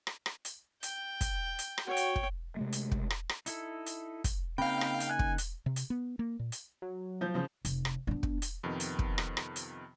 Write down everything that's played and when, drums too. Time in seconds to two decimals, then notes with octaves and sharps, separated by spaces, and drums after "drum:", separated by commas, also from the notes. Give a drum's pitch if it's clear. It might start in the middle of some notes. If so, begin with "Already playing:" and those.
0.07 drum: rim click
0.26 drum: rim click
0.45 drum: hi-hat
0.83 G5, drum: hi-hat
1.21 drum: kick, hi-hat
1.59 drum: hi-hat
1.78 drum: rim click
1.87 F#4 C#5 G5
1.97 drum: hi-hat
2.16 drum: kick
2.57 C3 G#3 A3
2.72 drum: hi-hat
2.91 drum: kick
3.10 drum: rim click
3.29 drum: rim click
3.46 D#4 E4 A4, drum: hi-hat
3.86 drum: hi-hat
4.24 drum: kick, hi-hat
4.58 C#3 A#3 C4 D#4 F5 G5 B5
4.81 drum: rim click
5.00 drum: hi-hat
5.09 G#5 F#6
5.19 drum: kick
5.38 drum: hi-hat
5.66 C3
5.76 drum: hi-hat
5.90 B3
6.19 A#3
6.39 A#2
6.52 drum: hi-hat
6.82 F#3
7.21 F3 G6
7.34 C#3 F3 C5
7.65 F1, drum: hi-hat
7.85 drum: rim click
8.07 B3 D4
8.23 drum: kick
8.42 drum: hi-hat
8.64 F2 C3 D#3 B3
8.80 drum: hi-hat
8.99 drum: kick
9.18 drum: rim click
9.37 drum: rim click
9.56 drum: hi-hat